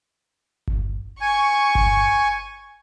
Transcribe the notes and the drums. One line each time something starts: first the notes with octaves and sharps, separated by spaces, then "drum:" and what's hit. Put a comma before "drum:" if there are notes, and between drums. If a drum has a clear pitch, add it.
drum: kick G1
G#5 C#6
drum: kick G1